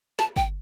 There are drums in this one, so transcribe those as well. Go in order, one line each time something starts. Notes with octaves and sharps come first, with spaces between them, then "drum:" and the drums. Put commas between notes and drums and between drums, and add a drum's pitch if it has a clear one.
A5, drum: snare
G5, drum: kick